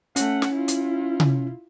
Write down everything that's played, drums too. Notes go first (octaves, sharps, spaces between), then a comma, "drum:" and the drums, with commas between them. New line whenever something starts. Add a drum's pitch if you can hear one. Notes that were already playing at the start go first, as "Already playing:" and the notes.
A3 C#4 F#5, drum: hi-hat
drum: snare
E4 F4
drum: hi-hat
drum: tom C3